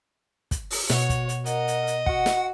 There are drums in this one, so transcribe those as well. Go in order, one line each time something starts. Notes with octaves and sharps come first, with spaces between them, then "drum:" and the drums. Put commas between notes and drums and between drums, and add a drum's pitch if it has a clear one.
drum: kick, hi-hat
drum: open hi-hat
B2 F#4 C#5, drum: snare
drum: kick, hi-hat
drum: hi-hat
A#4 D#5 F#5, drum: hi-hat
drum: hi-hat
drum: hi-hat
F#4 F#5, drum: kick
drum: snare